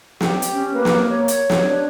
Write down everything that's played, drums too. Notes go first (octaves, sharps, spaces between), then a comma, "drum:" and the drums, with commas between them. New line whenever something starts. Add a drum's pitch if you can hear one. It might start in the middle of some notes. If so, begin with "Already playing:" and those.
G4, drum: snare
drum: hi-hat
C#4
A#3 B4
drum: snare
C#5
drum: hi-hat
drum: snare
D4